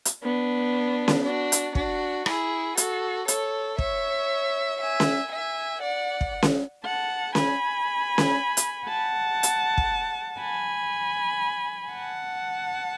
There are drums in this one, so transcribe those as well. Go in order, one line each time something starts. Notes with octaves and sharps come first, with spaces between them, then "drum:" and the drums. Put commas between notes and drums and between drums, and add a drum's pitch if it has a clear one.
drum: hi-hat
B3 D4
drum: snare C#4
D4 F#4
drum: hi-hat
D4 F#4, drum: kick
E4 G#4, drum: rim click
F#4 A4, drum: hi-hat
A4 C#5, drum: hi-hat
C#5 E5, drum: kick
E5 G#5
drum: snare C#4
E5 G#5
D5 F#5
drum: kick
drum: snare C#4
F#5 A5
G#5 B5, drum: snare C#4
drum: snare C#4
drum: hi-hat
F#5 A5
drum: hi-hat
drum: kick
G#5 B5
F#5 A5